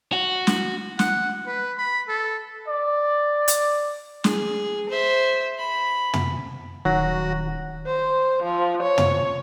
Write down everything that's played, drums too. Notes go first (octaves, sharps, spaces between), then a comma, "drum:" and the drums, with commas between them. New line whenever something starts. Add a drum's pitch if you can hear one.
F#4
drum: snare
F#5, drum: snare
B4
B5
A4
D5
drum: hi-hat
G#4, drum: snare
C5 E5
B5
drum: tom
D#1 D#3 F#3 F#4 A#6
C5
F3
C#5
drum: tom